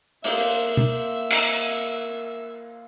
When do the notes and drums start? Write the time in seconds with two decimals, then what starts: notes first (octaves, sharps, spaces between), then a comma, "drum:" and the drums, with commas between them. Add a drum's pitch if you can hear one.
0.24 A#3 F4 E5, drum: open hi-hat
0.77 drum: tom B2
1.30 drum: cymbal